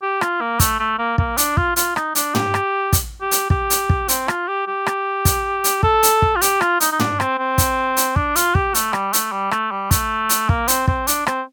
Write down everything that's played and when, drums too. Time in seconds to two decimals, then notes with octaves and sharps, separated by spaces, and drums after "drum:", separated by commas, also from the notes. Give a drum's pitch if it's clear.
0.02 G4
0.21 F4, drum: rim click
0.41 A#3
0.60 A3, drum: kick, hi-hat
0.79 A3
0.99 A#3
1.18 A#3, drum: kick
1.37 D4, drum: hi-hat
1.57 F4, drum: kick
1.76 F4, drum: hi-hat
1.96 D#4, drum: rim click
2.15 D4, drum: hi-hat
2.35 G4, drum: tom
2.54 drum: rim click
2.93 drum: kick, hi-hat
3.21 G4
3.31 drum: hi-hat
3.50 G4, drum: kick
3.70 drum: hi-hat
3.90 drum: kick
4.08 C4, drum: hi-hat
4.28 F4, drum: rim click
4.48 G4
4.67 G4
4.86 drum: rim click
5.25 drum: kick, hi-hat
5.64 drum: hi-hat
5.83 A4, drum: kick
6.03 drum: hi-hat
6.22 drum: kick
6.36 F4
6.41 G4, drum: hi-hat
6.61 F4, drum: rim click
6.80 D#4, drum: hi-hat
6.92 D#4
6.99 D4, drum: tom
7.20 C4, drum: rim click
7.38 C4
7.58 drum: kick, hi-hat
7.97 drum: hi-hat
8.16 D4, drum: kick
8.36 F4, drum: hi-hat
8.55 G4, drum: kick
8.74 A3, drum: hi-hat
8.93 G3, drum: rim click
9.13 A3, drum: hi-hat
9.32 G3
9.51 A3, drum: rim click
9.71 G3
9.91 A3, drum: kick, hi-hat
10.29 drum: hi-hat
10.49 A#3, drum: kick
10.68 C4, drum: hi-hat
10.88 C4, drum: kick
11.07 D4, drum: hi-hat
11.27 C4, drum: rim click